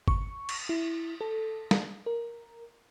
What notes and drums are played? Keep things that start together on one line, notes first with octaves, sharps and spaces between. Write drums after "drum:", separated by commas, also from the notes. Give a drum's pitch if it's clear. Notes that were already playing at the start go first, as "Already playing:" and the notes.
C#6, drum: kick G1
drum: cymbal
E4
A4
drum: snare
A#4